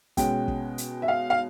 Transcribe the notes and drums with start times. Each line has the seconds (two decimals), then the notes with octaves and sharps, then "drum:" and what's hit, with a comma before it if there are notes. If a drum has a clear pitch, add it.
0.17 B2 G#3 C#4 G5, drum: kick, hi-hat
0.48 drum: kick
0.78 drum: hi-hat
1.02 E5
1.08 F5
1.30 F5